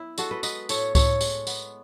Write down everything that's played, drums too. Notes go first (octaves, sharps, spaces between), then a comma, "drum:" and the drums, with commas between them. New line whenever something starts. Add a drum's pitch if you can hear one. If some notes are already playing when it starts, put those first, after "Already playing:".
Already playing: B3 E4
G#3 F#4 A4, drum: tambourine
B4 D#5
B3 B4 D#5, drum: tambourine
A2 A4 C#5, drum: tambourine
A2 A4 C#5, drum: kick C#2, tambourine
G#3, drum: tambourine
B3, drum: tambourine